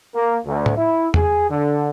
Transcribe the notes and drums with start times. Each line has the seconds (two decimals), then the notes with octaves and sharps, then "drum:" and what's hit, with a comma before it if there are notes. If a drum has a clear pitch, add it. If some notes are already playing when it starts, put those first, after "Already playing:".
0.15 A#3
0.45 D2
0.66 drum: tom A2
0.77 E4
1.14 G#4, drum: tom E2
1.49 D3